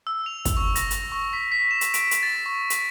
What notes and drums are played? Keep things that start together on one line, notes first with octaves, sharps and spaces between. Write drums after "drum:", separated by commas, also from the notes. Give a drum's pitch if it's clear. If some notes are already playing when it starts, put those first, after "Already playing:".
E6
F7
drum: kick, hi-hat
C#6
A#6, drum: hi-hat
drum: hi-hat
C#6
B6
B6
E7
drum: hi-hat
D7, drum: hi-hat
drum: hi-hat
A6
C#6
B6, drum: hi-hat